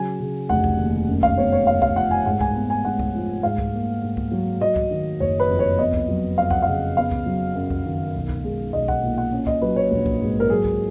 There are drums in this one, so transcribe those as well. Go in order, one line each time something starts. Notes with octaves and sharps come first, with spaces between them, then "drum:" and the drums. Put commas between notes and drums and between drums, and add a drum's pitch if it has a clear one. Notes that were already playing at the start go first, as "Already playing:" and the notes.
Already playing: C#3 F#3 G#5
C#3
F1 F#5
drum: kick C2
D#2
F#2
F5, drum: kick C2
B3 C#5
C#5
F#2 F5
F5, drum: kick C2
F3 F#5
G#5
G#2 F#5
G#5, drum: kick C2
B3 G#5
G#5
G#2 F#5
drum: kick C2
F3
G#2 F5
drum: kick C2
A#3
G#2
drum: kick C2
F#3
F#3 D#5
drum: kick C2
D#3
F#1 C#5
B4
F2
C#5
B3 D#5
drum: kick C2
F#3
F2 F5
F#5, drum: kick C2
C#3 F5
B3 F5
drum: kick C2
F#3
F#2
drum: kick C2
D#3
B1
drum: kick C2
G#3
B1 D#5
F#5, drum: kick C2
A#2
F#5
C#4
D#5, drum: kick C2
F#3 B4
C#5
A#1
drum: kick C2
G#2
A#4
F#3 G#4
drum: kick C2